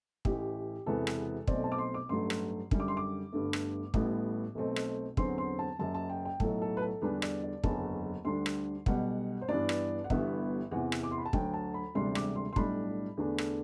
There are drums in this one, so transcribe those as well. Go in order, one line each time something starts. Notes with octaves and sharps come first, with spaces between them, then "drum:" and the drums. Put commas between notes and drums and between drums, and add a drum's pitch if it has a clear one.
A1 A2 E3 G4, drum: kick
E1 E2 C3 E3 B3 A4
drum: rim click
B1 B2 A3 C4 D5, drum: kick
A5
D6
C6
D6
A1 G2 F#3 A3 C6
drum: rim click
F#2 D3 G3, drum: kick
D6
C6
D6
G1 G2 D3 A3
drum: rim click
A1 A2 G3 B3, drum: kick
B1 B2 A3 C4
drum: rim click
E2 D3 F#3 C4 C6, drum: kick
C6
A5
F#1 F#2 F#3 A5
A5
G5
G5
B1 A2 F#3 A4, drum: kick
A4
B4
A4
E2 D3 G3 D4 B4
D5, drum: rim click
D5
F#1 E2 D3 F#3 A5, drum: kick
D2 D3 G3 D4 C6
drum: rim click
B1 B2 G3 F#5, drum: kick
C5
G2 E3 B3 D4 D5
drum: rim click
F#5
G1 G2 E3 B3 E5, drum: kick
E2 C3 E3 F#5
drum: rim click
D6
C6
B5
A5
D2 D3 F#3 G5, drum: kick
A5
B5
E1 D2 C3 G3 D4 C6
D6, drum: rim click
C6
C6
B1 A2 G3 D4 B5, drum: kick
E2 D3 A3 D4
drum: rim click